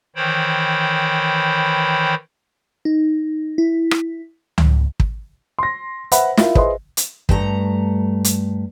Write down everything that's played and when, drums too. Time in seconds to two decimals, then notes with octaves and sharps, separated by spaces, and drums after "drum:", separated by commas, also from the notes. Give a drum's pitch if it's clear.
0.16 D#3 E3 C5 C#5 G5 B5
2.85 D#4
3.58 E4
3.91 drum: rim click
4.58 drum: tom C#2
5.00 drum: kick
5.59 C6 A#6
6.12 B4 C5 E5 F#5 B5, drum: hi-hat
6.37 E4 F4 A#4, drum: snare
6.55 G#4 B4 C5 D#5 E5 C6, drum: kick
6.97 drum: hi-hat
7.29 G2 A3 A#5, drum: kick
8.24 drum: hi-hat